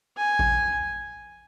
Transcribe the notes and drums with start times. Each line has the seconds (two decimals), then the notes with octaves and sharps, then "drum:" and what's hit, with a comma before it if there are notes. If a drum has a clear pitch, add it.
0.17 G#5
0.39 drum: kick G#1